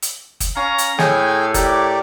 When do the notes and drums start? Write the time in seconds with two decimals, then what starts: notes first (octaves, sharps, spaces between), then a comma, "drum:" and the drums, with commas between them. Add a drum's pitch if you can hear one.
0.02 drum: hi-hat
0.40 drum: kick F#1, hi-hat
0.56 C#4 F5 A#5
0.78 drum: hi-hat
0.99 A2 G#4 G5 G#5, drum: snare
1.54 G4 A#4 D5, drum: kick F#1, hi-hat